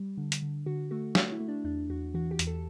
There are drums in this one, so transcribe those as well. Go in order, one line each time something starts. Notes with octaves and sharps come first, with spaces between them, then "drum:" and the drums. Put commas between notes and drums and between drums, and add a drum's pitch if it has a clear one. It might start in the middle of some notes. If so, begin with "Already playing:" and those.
Already playing: G3
D3
drum: hi-hat
D3
D3 F#4
A3 F#4
A3 F#4, drum: snare
E4
A3
D4
E2 D4
E2 F#4
E3 F#4
G4
E2, drum: hi-hat
A4